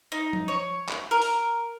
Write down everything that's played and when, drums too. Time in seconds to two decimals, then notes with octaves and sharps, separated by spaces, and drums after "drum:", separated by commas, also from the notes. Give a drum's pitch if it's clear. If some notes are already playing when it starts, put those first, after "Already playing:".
0.12 D#4
0.33 drum: tom F3
0.48 C#5
0.89 drum: clap
1.11 A#4
1.22 drum: open hi-hat